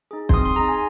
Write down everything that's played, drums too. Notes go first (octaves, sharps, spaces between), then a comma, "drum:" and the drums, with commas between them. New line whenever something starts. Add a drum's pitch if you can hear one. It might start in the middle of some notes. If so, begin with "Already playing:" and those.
D#4 G#4
C6, drum: kick
C4 D#6
C6
D#4 G#4 A#5
G#5